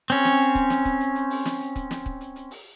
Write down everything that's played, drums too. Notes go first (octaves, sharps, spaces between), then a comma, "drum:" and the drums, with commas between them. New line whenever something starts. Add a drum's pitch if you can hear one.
C4 C#4, drum: open hi-hat
drum: snare
drum: hi-hat
drum: kick C#1, hi-hat
drum: snare
drum: kick C#1, hi-hat
drum: hi-hat
drum: hi-hat
drum: open hi-hat
drum: snare
drum: hi-hat
drum: kick C#1, hi-hat
drum: snare
drum: kick C#1
drum: hi-hat
drum: hi-hat
drum: open hi-hat